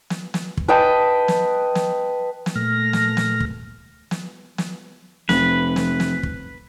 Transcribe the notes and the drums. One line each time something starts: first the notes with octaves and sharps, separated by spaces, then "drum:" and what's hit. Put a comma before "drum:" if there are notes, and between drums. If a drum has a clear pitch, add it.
drum: snare
drum: snare
drum: kick
B4 D#5 G5 A5
drum: snare
drum: snare
drum: snare
A#2 A3 F6 A#6
drum: snare
drum: snare
drum: kick
drum: snare
drum: snare
F1 B4, drum: snare
drum: snare
drum: snare
drum: kick